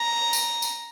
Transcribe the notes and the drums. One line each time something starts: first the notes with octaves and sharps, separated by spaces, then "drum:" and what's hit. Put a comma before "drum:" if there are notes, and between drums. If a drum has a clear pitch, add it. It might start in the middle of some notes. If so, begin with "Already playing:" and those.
Already playing: A#5
drum: tambourine
drum: tambourine